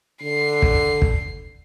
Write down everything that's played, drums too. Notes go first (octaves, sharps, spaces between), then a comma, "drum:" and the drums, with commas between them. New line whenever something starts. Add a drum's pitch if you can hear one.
D3 C7
drum: kick
drum: kick